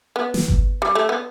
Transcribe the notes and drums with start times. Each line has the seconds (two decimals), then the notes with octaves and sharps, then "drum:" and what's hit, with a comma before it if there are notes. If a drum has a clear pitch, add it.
0.16 B3
0.34 drum: snare
0.48 drum: kick G1
0.82 G3
0.95 A3
1.09 B3